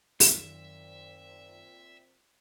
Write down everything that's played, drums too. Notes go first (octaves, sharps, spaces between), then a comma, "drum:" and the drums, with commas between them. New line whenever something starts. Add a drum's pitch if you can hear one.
F#2 A#2 D#3 C4 E5, drum: open hi-hat